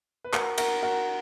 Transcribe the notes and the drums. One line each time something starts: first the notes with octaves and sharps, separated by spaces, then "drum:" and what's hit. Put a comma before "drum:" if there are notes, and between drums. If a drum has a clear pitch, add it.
B4
F#4 A#4, drum: clap
F#4 A#4, drum: cymbal
F#4 A#4